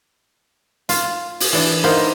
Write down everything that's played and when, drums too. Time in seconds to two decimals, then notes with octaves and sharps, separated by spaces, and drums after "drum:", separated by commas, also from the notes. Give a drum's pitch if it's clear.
0.89 F4, drum: hi-hat
1.40 drum: open hi-hat
1.53 E3 D4
1.84 A#3 B3 D#4 E4 C5